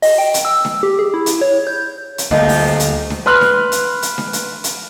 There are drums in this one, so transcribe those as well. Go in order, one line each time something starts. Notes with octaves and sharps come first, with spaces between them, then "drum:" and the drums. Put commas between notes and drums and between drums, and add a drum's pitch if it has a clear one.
D#5, drum: open hi-hat
G5
drum: hi-hat
E6
drum: snare D4
G4
G#4
E4
drum: hi-hat
C#5
G6
drum: hi-hat
D#1 D2 C3 F3 G#4 A#4 D#5, drum: snare D4
drum: open hi-hat
drum: hi-hat
drum: snare D4
B4 C6 F6 F#6
drum: snare D4
drum: hi-hat
drum: hi-hat
drum: snare D4
drum: hi-hat
drum: hi-hat